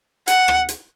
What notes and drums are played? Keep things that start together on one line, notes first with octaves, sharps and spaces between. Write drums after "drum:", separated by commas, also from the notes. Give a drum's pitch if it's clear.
F#5, drum: hi-hat
drum: rim click
drum: hi-hat